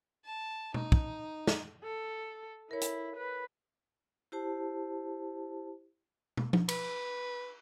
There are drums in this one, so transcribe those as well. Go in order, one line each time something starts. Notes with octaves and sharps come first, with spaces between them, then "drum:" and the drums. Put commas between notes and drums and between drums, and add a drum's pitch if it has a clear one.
A5
D#4, drum: tom
drum: kick
drum: snare
A4
E4 A#4 C#5
drum: hi-hat
B4
E4 G4 C5 A5
drum: tom
drum: tom F3
B4, drum: cymbal